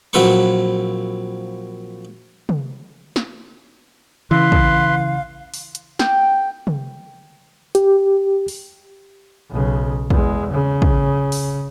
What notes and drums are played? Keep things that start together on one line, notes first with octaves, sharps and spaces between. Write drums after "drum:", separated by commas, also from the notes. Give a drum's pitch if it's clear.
A#1 F#3 C4 B4 C6 C#6
drum: tom
drum: snare
C#3 E3 B4 F5 C6
drum: kick
drum: open hi-hat
drum: hi-hat
G5, drum: snare
drum: tom
G4, drum: hi-hat
drum: open hi-hat
B1 C#3
E2 G#3, drum: kick
C#3
drum: kick
drum: open hi-hat